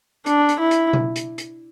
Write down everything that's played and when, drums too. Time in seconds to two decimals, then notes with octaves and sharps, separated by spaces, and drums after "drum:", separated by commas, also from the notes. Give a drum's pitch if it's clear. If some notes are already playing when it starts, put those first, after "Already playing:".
0.26 D4, drum: hi-hat
0.49 drum: hi-hat
0.60 E4
0.71 drum: hi-hat
0.93 drum: tom B2
1.16 drum: hi-hat
1.38 drum: hi-hat